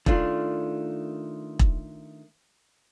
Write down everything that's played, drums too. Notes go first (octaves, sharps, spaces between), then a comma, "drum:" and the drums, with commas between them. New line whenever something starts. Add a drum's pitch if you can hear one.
D#3 A3 D4 F4, drum: kick E1
drum: kick E1